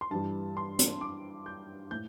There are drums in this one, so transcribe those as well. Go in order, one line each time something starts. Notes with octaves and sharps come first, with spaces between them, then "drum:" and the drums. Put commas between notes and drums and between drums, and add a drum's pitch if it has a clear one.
C6
G2 E3 G3 A5
C6
drum: hi-hat
D6
G6
A2 G6